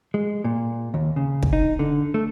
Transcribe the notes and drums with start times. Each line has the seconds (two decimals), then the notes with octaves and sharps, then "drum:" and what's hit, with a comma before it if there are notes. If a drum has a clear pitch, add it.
0.14 G#3
0.44 A#2
0.94 D#2
1.16 C#3
1.43 drum: kick
1.53 D#4
1.79 D3
2.14 A3